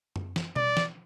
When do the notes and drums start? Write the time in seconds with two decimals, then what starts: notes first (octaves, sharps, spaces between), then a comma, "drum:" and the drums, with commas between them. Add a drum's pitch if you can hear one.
0.16 drum: tom F#2
0.36 drum: snare
0.56 D5, drum: tom B2
0.77 drum: snare